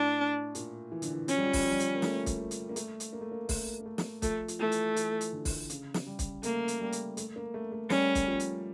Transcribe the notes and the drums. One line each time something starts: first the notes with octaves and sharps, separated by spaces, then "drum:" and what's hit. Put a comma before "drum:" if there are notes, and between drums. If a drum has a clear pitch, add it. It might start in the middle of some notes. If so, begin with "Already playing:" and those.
Already playing: A2 D4
A#2, drum: hi-hat
E3
D3, drum: hi-hat
E3
F3 C#4, drum: hi-hat
G3
F3
G3, drum: kick, open hi-hat
F3
G3
F3, drum: hi-hat
A#3
A3, drum: snare
drum: kick, hi-hat
drum: hi-hat
A#3
A3, drum: hi-hat
drum: hi-hat
A#3
A3
A#3
A3, drum: kick, open hi-hat
A#3
A3
drum: snare
F3 A3, drum: kick, hi-hat
F3, drum: hi-hat
E3 A3
drum: hi-hat
E3, drum: hi-hat
drum: hi-hat
D3
drum: kick, open hi-hat
C#3, drum: hi-hat
drum: snare
G3
drum: kick, hi-hat
A3 A#3, drum: hi-hat
drum: hi-hat
G3
drum: hi-hat
A3, drum: hi-hat
A#3
A3
A3
G3 C#4, drum: snare
drum: kick, hi-hat
F3
drum: hi-hat